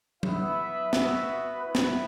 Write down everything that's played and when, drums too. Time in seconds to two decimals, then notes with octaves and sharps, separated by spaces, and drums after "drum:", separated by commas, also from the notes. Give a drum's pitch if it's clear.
0.23 B3 E4 B4 E5, drum: tom F#3
0.93 B3 F#4, drum: snare
1.62 B3 E4 B4
1.75 drum: snare